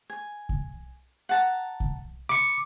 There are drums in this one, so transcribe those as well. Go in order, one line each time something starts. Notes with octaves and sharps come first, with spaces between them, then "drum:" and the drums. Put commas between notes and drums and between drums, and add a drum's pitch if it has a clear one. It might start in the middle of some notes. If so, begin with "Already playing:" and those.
G#5
drum: kick C2
F#5 A5 A#5
drum: kick C2
B5 D6 C#7